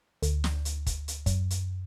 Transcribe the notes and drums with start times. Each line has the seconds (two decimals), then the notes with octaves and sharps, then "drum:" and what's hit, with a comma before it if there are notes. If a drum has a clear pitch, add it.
0.22 D2, drum: hi-hat
0.44 drum: snare
0.65 drum: hi-hat
0.86 drum: kick, hi-hat
1.08 drum: hi-hat
1.26 F#2, drum: kick, hi-hat
1.50 drum: hi-hat